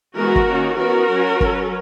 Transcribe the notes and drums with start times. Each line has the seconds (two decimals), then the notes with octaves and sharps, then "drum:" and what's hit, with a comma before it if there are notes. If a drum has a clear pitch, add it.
0.16 E3 G#3 B3 F#4 A#4
0.36 drum: kick
0.47 D#3 A#3 C#4
0.78 E3 B3 F#4 A#4
1.09 F#3 C#4
1.41 F#3 C#4, drum: kick